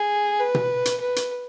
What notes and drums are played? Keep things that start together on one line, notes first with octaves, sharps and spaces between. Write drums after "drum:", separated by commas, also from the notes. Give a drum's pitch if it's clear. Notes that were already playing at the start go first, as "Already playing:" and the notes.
Already playing: G#4
B4
drum: tom B2
drum: hi-hat
B4
drum: hi-hat